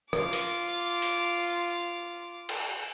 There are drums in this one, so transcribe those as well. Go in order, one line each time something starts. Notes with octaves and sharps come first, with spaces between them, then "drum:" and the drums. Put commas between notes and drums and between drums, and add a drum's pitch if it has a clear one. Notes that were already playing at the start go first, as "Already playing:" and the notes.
F4 D6, drum: rim click
drum: open hi-hat
drum: hi-hat
drum: cymbal